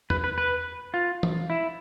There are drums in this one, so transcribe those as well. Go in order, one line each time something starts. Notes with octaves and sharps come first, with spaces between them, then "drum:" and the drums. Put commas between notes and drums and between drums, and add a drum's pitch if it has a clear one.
B4, drum: tom E2
B4
B4
F4
drum: tom E3
E4